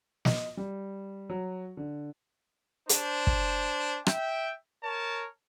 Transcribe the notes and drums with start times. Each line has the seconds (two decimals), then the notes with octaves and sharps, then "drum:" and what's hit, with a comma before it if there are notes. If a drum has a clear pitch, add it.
0.25 D#5, drum: snare
0.57 G3
1.30 F#3
1.77 D3
2.89 D4 C5, drum: hi-hat
3.27 drum: kick
4.06 E5 G5, drum: rim click
4.84 A#4 C#5 A5